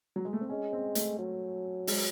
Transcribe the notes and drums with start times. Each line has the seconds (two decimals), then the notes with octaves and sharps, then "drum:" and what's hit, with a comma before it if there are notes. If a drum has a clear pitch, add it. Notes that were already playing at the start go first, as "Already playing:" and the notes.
0.16 F#3
0.25 G#3
0.33 A3
0.41 C4
0.50 G#3 C#4
0.73 C4
0.95 A3, drum: hi-hat
1.19 F#3
1.87 G#3, drum: open hi-hat